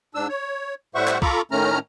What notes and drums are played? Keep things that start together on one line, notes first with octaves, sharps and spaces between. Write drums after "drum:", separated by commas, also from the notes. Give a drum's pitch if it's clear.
G#2 D4 E6
C#5
A2 G3 C5 E5 F#5 C#6
drum: clap
F4 A4 A#5 B5 C#6 D6, drum: kick
A2 D#3 A3 C#4 A#5 F6